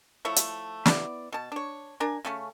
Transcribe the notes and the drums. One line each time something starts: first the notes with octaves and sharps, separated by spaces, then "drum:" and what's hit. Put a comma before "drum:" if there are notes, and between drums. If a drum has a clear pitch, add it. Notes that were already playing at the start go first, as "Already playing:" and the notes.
F3 A3 E4 C#5
drum: hi-hat
B3 E4 D5, drum: snare
B2 A5
D4 C#5
D4 A#4 G#5
C#3 A3 C#4